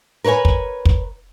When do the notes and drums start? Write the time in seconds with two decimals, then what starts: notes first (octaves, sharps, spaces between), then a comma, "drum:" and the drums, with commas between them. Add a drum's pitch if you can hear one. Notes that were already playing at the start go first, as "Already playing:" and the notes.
0.24 A#4 B4 C#5 F5 G#5
0.45 drum: kick
0.85 drum: kick